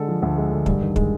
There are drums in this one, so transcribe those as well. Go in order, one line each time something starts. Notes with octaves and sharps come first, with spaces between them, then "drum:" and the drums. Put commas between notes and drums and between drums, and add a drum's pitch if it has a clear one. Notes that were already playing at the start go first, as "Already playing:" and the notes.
Already playing: D3 G#3 A4
F3
D2
G#3
D3
G2, drum: kick
D#3
G#3, drum: kick